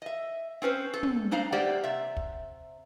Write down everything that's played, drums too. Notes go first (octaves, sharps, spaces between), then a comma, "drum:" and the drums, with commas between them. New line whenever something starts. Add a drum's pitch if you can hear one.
D#5 E5
C4 C#4 B4 C5
A4
drum: tom
A#3 D4 D#4 C5 F5 A#5
A3 A#3 G4 C5 D5 F#5
C3 E5
drum: kick